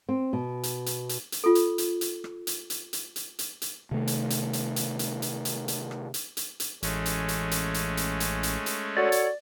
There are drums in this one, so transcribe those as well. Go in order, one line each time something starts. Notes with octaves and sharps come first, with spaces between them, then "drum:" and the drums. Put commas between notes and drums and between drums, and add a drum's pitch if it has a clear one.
C4
B2
drum: hi-hat
drum: hi-hat
drum: hi-hat
drum: hi-hat
F4 A4
drum: hi-hat
drum: hi-hat
drum: hi-hat
drum: rim click
drum: hi-hat
drum: hi-hat
drum: hi-hat
drum: hi-hat
drum: hi-hat
drum: hi-hat
C3 D#3 A3
drum: hi-hat
drum: hi-hat
drum: hi-hat
drum: hi-hat
drum: hi-hat
drum: hi-hat
drum: hi-hat
drum: hi-hat
drum: rim click
drum: hi-hat
drum: hi-hat
drum: hi-hat
A1 G#3 A3 C#4, drum: hi-hat
drum: hi-hat
drum: hi-hat
drum: hi-hat
drum: hi-hat
drum: hi-hat
drum: hi-hat
drum: hi-hat
drum: hi-hat
F#4 A4 C#5 D5
drum: hi-hat